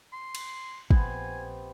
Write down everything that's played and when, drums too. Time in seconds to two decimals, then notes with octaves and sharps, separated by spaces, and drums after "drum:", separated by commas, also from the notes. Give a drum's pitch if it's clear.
0.13 C6
0.35 drum: cymbal
0.91 A#1 C3 B3 C5 G#5, drum: kick